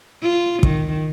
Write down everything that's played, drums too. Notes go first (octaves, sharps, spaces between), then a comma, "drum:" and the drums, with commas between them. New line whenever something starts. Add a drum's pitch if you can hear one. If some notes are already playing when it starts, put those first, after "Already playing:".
F4
D#3, drum: kick